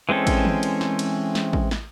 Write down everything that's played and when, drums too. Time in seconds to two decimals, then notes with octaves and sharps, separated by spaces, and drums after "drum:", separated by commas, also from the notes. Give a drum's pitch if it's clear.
0.09 E3 G#3 C4 C#4 A4
0.27 drum: kick A1, cymbal
0.45 drum: tom
0.63 drum: cymbal
0.81 drum: snare
0.99 drum: cymbal
1.35 drum: snare
1.53 drum: kick A1
1.71 drum: snare